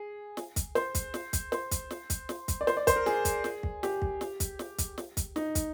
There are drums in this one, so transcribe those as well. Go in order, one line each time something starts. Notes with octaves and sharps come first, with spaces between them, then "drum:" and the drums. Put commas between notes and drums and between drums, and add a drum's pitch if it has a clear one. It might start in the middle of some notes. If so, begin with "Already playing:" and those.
Already playing: G#4
drum: snare
drum: kick, hi-hat
C5, drum: snare
drum: kick, hi-hat
drum: snare
drum: kick, hi-hat
C5, drum: snare
drum: kick, hi-hat
drum: snare
drum: kick, hi-hat
drum: snare
drum: kick, hi-hat
D5
C5, drum: snare
D5
C5, drum: kick, hi-hat
A#4
G#4, drum: snare
drum: kick, hi-hat
drum: snare
drum: kick
G4, drum: snare
drum: kick
drum: snare
drum: kick, hi-hat
drum: snare
drum: kick, hi-hat
drum: snare
drum: kick, hi-hat
D#4, drum: snare
drum: kick, hi-hat